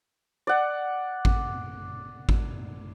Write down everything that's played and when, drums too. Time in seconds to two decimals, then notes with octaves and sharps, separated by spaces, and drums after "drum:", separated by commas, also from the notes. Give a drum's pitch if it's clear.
0.47 D5 F#5
1.25 drum: kick G#1
2.29 drum: kick G#1